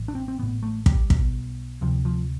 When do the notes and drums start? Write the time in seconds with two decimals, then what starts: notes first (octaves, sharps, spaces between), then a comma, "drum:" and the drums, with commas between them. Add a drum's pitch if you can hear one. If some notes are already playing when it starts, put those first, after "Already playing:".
Already playing: A1 A2
0.08 D4
0.15 C4
0.28 C4
0.38 A1 A2 B3
0.63 A3
0.86 G3, drum: kick
1.10 B1 B2, drum: kick
1.81 D2 C3 F3
2.05 F3